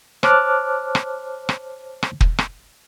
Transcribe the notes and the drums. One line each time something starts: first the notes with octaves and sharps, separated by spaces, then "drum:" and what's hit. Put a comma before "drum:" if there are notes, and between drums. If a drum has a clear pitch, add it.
C5 C#5 A5 D6 F6 F#6, drum: rim click
drum: rim click
drum: rim click
drum: rim click
drum: kick
drum: rim click